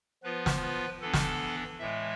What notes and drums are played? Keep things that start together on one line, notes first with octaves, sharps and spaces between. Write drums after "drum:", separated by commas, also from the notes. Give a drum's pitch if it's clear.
F3 B3 F4 B4
drum: snare
B4
E3 B3 D4 A4
drum: snare
A2 E3 G#3 E5